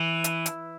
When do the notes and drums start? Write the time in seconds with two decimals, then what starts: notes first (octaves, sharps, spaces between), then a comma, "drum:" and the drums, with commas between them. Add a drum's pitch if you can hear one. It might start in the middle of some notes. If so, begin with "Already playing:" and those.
Already playing: E3
0.24 drum: hi-hat
0.46 drum: hi-hat